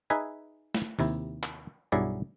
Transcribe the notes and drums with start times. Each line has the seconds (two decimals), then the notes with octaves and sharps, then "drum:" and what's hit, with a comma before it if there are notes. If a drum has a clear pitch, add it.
0.10 D#4 G#4 B4 E5 G#5
0.74 drum: snare
0.99 D#2 C3 E4, drum: open hi-hat
1.43 drum: clap
1.92 B1 G2 F#3 E4 G#4 D5